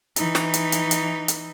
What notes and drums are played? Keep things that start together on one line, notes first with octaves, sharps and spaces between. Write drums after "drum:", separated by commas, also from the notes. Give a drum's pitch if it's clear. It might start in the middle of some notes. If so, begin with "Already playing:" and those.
E3 D#4, drum: hi-hat
drum: snare
drum: hi-hat
drum: hi-hat
drum: hi-hat
drum: hi-hat